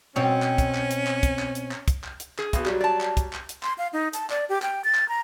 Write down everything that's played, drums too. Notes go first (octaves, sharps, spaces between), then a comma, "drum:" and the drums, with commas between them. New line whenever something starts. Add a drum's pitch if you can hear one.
B2 C4 C#4 C#5
drum: clap
drum: kick, hi-hat
drum: clap
drum: hi-hat
drum: clap
drum: kick, hi-hat
drum: clap
drum: hi-hat
drum: clap
drum: kick, hi-hat
drum: clap
drum: hi-hat
G#4, drum: clap
B1 B2, drum: kick, hi-hat
F#3 G3, drum: clap
D5 A5
drum: clap
drum: kick, hi-hat
drum: clap
drum: hi-hat
C6, drum: clap
F5
D#4
A5, drum: hi-hat
D5, drum: clap
G4
G5, drum: clap
A6
drum: clap
A#5